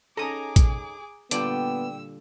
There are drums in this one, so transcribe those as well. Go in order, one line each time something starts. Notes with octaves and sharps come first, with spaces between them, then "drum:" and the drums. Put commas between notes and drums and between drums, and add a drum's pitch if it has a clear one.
C#4 D#4 G#4 A4 G#5 A#5 D6 D#6
drum: kick A1, hi-hat
A#2 D3 G3 B3 F4 D5 G5 E6, drum: hi-hat